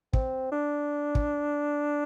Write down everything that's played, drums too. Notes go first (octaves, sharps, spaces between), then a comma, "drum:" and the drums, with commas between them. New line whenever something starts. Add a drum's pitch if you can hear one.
C4, drum: kick
D4
drum: kick